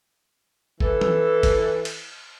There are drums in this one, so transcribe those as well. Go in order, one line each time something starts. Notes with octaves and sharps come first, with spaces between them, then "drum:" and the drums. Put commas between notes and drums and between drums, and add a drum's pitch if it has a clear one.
E3 A4, drum: kick
drum: tom E3
drum: kick, cymbal
drum: cymbal